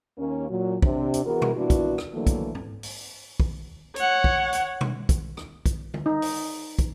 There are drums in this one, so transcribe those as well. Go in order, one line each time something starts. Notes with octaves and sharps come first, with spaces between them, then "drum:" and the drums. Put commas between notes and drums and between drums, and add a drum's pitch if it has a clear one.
D#2 A#3 C#4
A#2 F#3
C3 D4, drum: kick
drum: hi-hat
E3 B3 F#4 G#4 A#4
drum: tom B2
A#2 E3 B3 D4 E4 F#4
drum: kick, hi-hat
drum: rim click
D3 E3 F#3 A3 A#3
drum: kick, hi-hat
drum: tom G#2
drum: open hi-hat
drum: kick
C#5 F#5, drum: hi-hat
drum: kick
drum: hi-hat
drum: tom B2
drum: kick, hi-hat
drum: rim click
drum: kick, hi-hat
drum: tom D3
D#4
drum: open hi-hat
drum: kick, hi-hat